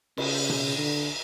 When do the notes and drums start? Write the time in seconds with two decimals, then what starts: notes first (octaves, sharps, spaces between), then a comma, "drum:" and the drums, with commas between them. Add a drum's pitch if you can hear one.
0.17 C#3, drum: cymbal
0.50 drum: tom B2
0.78 D3